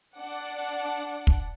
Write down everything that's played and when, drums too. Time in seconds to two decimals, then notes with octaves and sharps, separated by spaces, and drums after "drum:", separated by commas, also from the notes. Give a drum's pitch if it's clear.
0.18 D4 D5 F#5
1.27 drum: kick